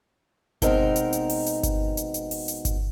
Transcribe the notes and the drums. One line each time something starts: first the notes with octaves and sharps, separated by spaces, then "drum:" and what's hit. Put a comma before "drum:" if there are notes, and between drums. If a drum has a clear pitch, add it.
B2 G#3 C4 D#4 A#4, drum: kick G1, hi-hat
drum: hi-hat
drum: hi-hat
drum: open hi-hat
drum: hi-hat
drum: kick G1, hi-hat
drum: hi-hat
drum: hi-hat
drum: open hi-hat
drum: hi-hat
drum: kick G1, hi-hat